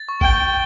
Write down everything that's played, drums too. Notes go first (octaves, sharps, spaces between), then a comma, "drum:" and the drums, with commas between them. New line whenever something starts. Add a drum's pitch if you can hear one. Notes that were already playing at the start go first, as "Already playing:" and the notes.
Already playing: A6
C#6
G5, drum: kick G#1
C#6